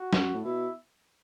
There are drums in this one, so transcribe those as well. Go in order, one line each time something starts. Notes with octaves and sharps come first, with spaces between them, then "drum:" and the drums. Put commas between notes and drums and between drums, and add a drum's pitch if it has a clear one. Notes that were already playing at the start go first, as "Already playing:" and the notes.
Already playing: F#4
F#2, drum: snare
A2
B2 E4